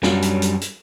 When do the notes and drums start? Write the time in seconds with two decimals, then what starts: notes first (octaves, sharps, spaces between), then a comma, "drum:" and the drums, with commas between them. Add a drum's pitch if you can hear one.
0.03 F#2 G3 C#4 D4 F#4, drum: snare
0.22 drum: hi-hat
0.42 drum: hi-hat
0.61 drum: hi-hat